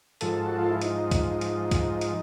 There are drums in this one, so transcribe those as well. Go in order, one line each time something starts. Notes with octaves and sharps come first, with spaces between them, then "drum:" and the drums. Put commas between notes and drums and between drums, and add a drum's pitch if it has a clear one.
G#2 F3 A4, drum: hi-hat
F#4
F4
E4
D#4, drum: hi-hat
drum: kick, hi-hat
drum: hi-hat
drum: kick, hi-hat
drum: hi-hat